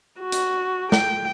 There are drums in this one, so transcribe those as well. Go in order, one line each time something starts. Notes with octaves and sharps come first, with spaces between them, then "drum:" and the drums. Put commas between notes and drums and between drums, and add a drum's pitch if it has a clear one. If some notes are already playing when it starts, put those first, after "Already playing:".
F#4
drum: hi-hat
G5, drum: snare